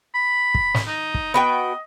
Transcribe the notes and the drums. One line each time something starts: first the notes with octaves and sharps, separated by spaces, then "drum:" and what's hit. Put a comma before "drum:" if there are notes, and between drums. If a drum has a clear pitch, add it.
B5
drum: kick
drum: snare
D#4
drum: kick
B3 F#4 D#5 G5